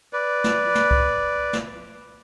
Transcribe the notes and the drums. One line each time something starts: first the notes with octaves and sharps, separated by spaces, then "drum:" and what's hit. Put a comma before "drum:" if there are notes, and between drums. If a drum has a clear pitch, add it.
B4 D5
drum: snare
drum: snare
drum: kick C#2
drum: snare